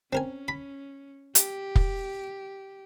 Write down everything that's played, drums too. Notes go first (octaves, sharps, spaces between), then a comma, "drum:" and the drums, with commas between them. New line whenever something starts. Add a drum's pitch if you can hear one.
C4 C#4 A#4 G#5
B5
G4, drum: hi-hat
drum: kick